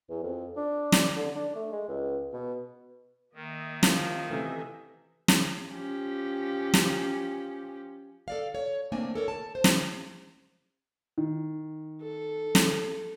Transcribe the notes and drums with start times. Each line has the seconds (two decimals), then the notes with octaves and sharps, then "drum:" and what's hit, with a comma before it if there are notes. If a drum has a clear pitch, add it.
0.10 E2
0.23 F2
0.56 D4
0.92 drum: snare
1.16 D3
1.35 D4
1.55 A3
1.72 G#3
1.88 C#2
2.33 B2
3.35 D#3 A#3 D#5 E5
3.83 F3, drum: snare
4.30 C3 E3 A4 D#5 E5
5.28 drum: snare
5.70 F3 C#4 G4
6.74 drum: snare
8.28 A4 D5 F5
8.55 C#5
8.92 A3 A#3 C4 D4 G#5
9.15 A4 A#4 C#5
9.28 A5
9.55 C5
9.64 drum: snare
11.18 D#3
12.02 A4
12.55 drum: snare